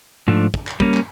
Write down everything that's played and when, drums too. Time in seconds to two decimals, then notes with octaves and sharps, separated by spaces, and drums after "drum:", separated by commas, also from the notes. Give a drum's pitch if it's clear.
0.28 G#2 F3 A3 D4
0.54 drum: kick
0.67 drum: clap
0.80 G3 A#3 C#4, drum: kick
0.94 drum: clap